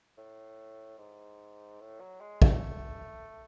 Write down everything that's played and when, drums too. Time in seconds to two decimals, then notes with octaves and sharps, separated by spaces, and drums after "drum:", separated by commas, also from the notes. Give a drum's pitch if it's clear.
0.17 A2
0.98 G#2
1.80 A2
2.00 F#3
2.21 G#3
2.42 A3, drum: kick